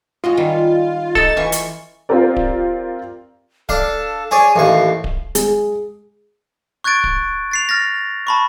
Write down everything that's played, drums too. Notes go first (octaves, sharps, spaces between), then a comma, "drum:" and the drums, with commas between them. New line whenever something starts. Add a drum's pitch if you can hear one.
G#3 F4 F#4 D#5
D#3 G3
A3 D#4 A4 A6, drum: kick D1
E3 F4 C#6
drum: hi-hat
C4 F4 G4 A#4 D5
drum: kick D1
D4 A4 F5, drum: kick D1
G#4 C#5 D5 G#5
A1 D#2 F5 C#6
drum: kick D1
G#3, drum: hi-hat
C#6 F#6 G#6 A6 D7
drum: kick D1
A6 C7 F7
F6 A6 A#6
A5 B5 C#6